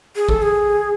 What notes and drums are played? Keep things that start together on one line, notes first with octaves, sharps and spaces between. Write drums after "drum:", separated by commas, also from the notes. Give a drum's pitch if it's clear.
G#4
A4, drum: kick A#1
G#4